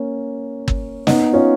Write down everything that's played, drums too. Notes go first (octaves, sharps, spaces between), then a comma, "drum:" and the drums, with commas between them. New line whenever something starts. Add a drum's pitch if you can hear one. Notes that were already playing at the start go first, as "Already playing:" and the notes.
Already playing: A#3 C#4
drum: kick
B3 D#4, drum: snare
C#4 F4